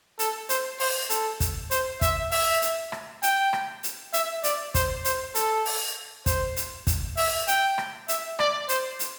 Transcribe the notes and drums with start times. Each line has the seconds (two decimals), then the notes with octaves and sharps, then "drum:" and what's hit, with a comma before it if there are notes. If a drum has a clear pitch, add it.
0.19 A4, drum: hi-hat
0.49 C5, drum: hi-hat
0.79 C5, drum: open hi-hat
1.10 A4, drum: hi-hat
1.40 drum: kick, hi-hat
1.71 C5, drum: hi-hat
2.01 E5, drum: kick, hi-hat
2.31 E5, drum: open hi-hat
2.62 drum: hi-hat
2.92 drum: rim click
3.23 G5, drum: hi-hat
3.53 drum: rim click
3.83 drum: hi-hat
4.13 E5, drum: hi-hat
4.44 D5, drum: hi-hat
4.74 C5, drum: kick, hi-hat
5.05 C5, drum: hi-hat
5.35 A4, drum: hi-hat
5.65 drum: open hi-hat
6.26 C5, drum: kick, hi-hat
6.56 drum: hi-hat
6.87 drum: kick, hi-hat
7.17 E5, drum: open hi-hat
7.47 G5, drum: hi-hat
7.78 drum: rim click
8.08 E5, drum: hi-hat
8.39 D5, drum: rim click
8.69 C5, drum: hi-hat
8.99 drum: hi-hat